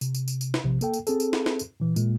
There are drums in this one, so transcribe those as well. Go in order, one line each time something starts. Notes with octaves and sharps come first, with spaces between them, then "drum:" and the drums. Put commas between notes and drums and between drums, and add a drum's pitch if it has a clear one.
C3, drum: tambourine
drum: tambourine
drum: tambourine
drum: tambourine
drum: snare
A#1 C3 F3
A#3 A4 G5, drum: tambourine
drum: tambourine
C4 G#4 A4, drum: tambourine
drum: tambourine
drum: snare
drum: snare
drum: tambourine
A#2 E3
A#2 G#3 A#3, drum: tambourine